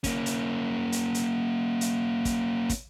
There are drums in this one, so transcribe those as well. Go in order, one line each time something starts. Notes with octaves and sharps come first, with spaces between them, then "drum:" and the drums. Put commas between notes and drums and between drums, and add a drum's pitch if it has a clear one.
A#3 C#4, drum: kick, hi-hat
drum: hi-hat
drum: hi-hat
drum: hi-hat
drum: hi-hat
drum: kick, hi-hat
drum: kick, hi-hat